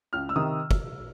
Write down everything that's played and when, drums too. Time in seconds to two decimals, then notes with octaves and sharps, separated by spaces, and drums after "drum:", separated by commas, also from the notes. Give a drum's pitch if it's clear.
0.13 C#2 F6
0.29 E6
0.35 C3 D#3 D#6
0.71 drum: kick